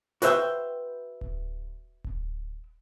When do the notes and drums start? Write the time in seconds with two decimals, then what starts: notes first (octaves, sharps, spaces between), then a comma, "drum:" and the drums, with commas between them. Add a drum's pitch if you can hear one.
0.22 F#4 B4 C5 E5 G5, drum: hi-hat
1.21 drum: kick D1
2.04 drum: kick D1